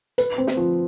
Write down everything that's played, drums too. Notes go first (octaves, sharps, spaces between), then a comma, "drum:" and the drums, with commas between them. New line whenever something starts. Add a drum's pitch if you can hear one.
B4, drum: hi-hat
C4
drum: snare
F3